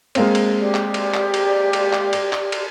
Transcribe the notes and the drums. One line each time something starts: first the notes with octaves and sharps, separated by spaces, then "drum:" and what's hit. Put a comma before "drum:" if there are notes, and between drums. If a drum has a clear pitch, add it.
G#3 A#3 C4, drum: cymbal
drum: cymbal
G4 D5
drum: clap
drum: cymbal
drum: clap
drum: cymbal
drum: cymbal
drum: clap
drum: cymbal
drum: clap
drum: cymbal